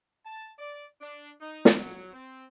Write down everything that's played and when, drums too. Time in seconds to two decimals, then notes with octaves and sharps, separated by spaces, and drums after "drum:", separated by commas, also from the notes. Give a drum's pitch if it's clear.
0.25 A5
0.59 D5
1.01 D4
1.41 D#4
1.65 drum: snare
1.77 F#3
2.13 C4